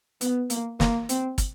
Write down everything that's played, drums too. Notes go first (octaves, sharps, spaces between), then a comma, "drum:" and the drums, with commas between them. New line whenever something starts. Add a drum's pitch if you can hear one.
B3, drum: hi-hat
A#3, drum: hi-hat
A#3, drum: snare
C4, drum: hi-hat
drum: kick, hi-hat